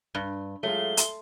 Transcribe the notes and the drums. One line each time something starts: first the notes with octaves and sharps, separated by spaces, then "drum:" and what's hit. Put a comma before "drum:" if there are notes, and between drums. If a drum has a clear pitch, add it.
G2 G7
F#3 G#3 A3 F4 G7
C6, drum: hi-hat